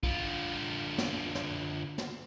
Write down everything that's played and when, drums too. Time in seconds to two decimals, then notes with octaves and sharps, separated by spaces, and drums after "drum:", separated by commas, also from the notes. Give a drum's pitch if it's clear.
0.03 D3 F4, drum: kick B1
0.98 drum: snare
1.35 drum: snare
1.98 drum: snare